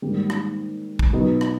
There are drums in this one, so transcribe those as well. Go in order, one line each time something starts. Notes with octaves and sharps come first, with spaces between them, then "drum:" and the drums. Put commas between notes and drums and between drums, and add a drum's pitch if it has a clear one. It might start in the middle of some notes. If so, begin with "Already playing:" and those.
G#2 D#3 G3 A#3
drum: rim click
drum: kick
B2 F#3 B3 D#4
drum: rim click